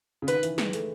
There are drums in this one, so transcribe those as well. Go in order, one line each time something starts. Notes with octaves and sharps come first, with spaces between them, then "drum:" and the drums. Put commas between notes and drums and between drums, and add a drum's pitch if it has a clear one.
C#3
D#3 B4, drum: hi-hat
E3, drum: hi-hat
G#3, drum: snare
A3, drum: hi-hat